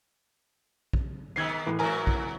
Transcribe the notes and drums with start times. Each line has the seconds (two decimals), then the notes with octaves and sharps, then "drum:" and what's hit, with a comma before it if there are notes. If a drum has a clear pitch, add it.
0.93 drum: kick A#1
1.36 G#2 D#3 B3 E6 G#6 C7
1.66 A2 E3
1.79 G#2 E3 F#3 A#4 G#5 A#5
2.07 drum: kick A#1